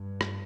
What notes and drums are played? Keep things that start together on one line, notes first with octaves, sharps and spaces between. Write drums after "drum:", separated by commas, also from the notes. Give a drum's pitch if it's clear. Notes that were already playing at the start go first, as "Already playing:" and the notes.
Already playing: G2
drum: rim click